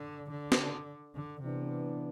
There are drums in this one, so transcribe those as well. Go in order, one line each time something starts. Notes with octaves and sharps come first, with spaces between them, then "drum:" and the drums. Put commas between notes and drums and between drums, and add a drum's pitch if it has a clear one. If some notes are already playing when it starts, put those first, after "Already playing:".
Already playing: D3
D3
drum: snare
D3
C3 E3 B3 D4